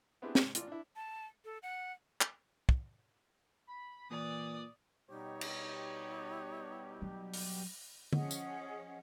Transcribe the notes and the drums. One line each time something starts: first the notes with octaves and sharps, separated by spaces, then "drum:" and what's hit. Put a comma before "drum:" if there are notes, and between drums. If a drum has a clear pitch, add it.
B3 C4 D4 E4 G4 G#4
G#2 C3, drum: snare
A1 F4 D5, drum: hi-hat
D4 E4
A5
A4
F#5
drum: clap
drum: kick
B5
A#2 E3 D5 D#6
B2 G3 D#4 G4 C#5
drum: cymbal
F#3
drum: open hi-hat
F3 C#4 G#4 D#5 F#5, drum: tom D3
drum: tambourine